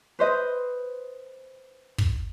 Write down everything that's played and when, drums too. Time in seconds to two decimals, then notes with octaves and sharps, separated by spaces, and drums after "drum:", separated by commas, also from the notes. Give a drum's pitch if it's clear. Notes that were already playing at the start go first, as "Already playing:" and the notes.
0.19 B4 C5 D#5
1.98 drum: kick